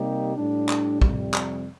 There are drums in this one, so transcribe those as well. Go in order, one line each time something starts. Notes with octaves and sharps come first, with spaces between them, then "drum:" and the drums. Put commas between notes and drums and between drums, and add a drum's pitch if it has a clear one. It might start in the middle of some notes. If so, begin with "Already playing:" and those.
Already playing: C3 G3 A#3 D#4 G4
A2 G3 D4
drum: clap
F2 C3 G3, drum: kick
drum: clap